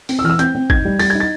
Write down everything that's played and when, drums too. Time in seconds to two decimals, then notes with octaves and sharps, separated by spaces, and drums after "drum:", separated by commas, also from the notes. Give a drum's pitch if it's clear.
0.09 C4, drum: open hi-hat
0.19 E6
0.24 E3 F6
0.30 E6
0.39 C4 G6, drum: hi-hat
0.55 C4
0.70 D#4 G#6, drum: kick
0.85 G3
0.99 G3 A6, drum: open hi-hat
1.10 D#4 G#6
1.20 A6